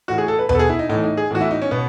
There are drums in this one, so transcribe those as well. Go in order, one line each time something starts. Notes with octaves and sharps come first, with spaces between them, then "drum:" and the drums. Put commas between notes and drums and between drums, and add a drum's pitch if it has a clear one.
A2 E3 F#4
G#4
A4
B4
B2 B4, drum: tom D#2
A4
G#4
E4
D#4
A2 E3 D#4
D#4
G#4
A2 E3 F#4
E4
D#4
C#4
B2 B3